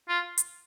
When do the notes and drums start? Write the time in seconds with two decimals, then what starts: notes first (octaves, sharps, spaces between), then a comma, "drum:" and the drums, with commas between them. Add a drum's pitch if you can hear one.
0.08 F4
0.38 drum: hi-hat